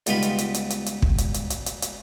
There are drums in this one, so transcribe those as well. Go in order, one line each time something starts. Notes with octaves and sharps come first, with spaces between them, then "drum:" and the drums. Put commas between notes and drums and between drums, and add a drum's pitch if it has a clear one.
C#2 G3 B3 D#4 F4 B5, drum: hi-hat
drum: hi-hat
drum: hi-hat
drum: hi-hat
drum: hi-hat
drum: hi-hat
drum: kick
drum: hi-hat
drum: hi-hat
drum: hi-hat
drum: hi-hat
drum: hi-hat